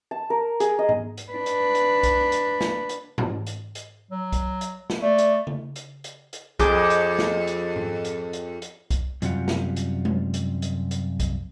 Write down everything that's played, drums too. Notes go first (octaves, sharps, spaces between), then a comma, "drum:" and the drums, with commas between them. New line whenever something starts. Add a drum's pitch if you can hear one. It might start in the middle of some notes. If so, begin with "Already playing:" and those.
A5
A#4
G#4, drum: hi-hat
D#5
drum: tom G#2
drum: hi-hat
D4 B4
drum: hi-hat
drum: hi-hat
drum: kick, hi-hat
drum: hi-hat
drum: snare
drum: hi-hat
drum: tom G#2
drum: hi-hat
drum: hi-hat
F#3
drum: kick, hi-hat
drum: hi-hat
drum: snare
A3 D5
drum: hi-hat
drum: tom C#3
drum: hi-hat
drum: hi-hat
drum: hi-hat
F2 G#4 D6 G6, drum: kick, hi-hat
drum: hi-hat
drum: snare
drum: hi-hat
drum: tom G#2
drum: hi-hat
drum: hi-hat
drum: hi-hat
drum: kick, hi-hat
F#2 C3 G3 F4 F#5, drum: hi-hat
drum: snare
drum: hi-hat
drum: tom G#3
drum: hi-hat
drum: hi-hat
drum: hi-hat
drum: kick, hi-hat